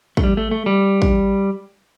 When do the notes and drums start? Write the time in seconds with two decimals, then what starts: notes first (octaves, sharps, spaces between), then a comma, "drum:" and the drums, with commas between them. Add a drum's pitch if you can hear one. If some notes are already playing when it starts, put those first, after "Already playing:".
0.17 A3, drum: kick
0.23 G3
0.37 A3
0.51 A3
0.66 G3
1.02 drum: kick